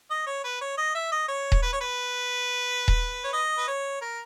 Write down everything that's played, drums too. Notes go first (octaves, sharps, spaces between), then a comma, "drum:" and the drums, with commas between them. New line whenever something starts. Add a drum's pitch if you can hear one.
D#5
C#5
B4
C#5
D#5
E5
D#5
C#5
drum: kick D#1
B4
C#5
B4
drum: kick D#1
C#5
D#5
B4
C#5
A#4